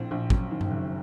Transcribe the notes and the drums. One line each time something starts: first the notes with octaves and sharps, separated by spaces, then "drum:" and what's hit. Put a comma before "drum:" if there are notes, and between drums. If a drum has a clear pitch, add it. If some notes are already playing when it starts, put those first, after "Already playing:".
Already playing: A#1 A2 C4
A#1
F#2, drum: kick
D#3
drum: tom G2
F#1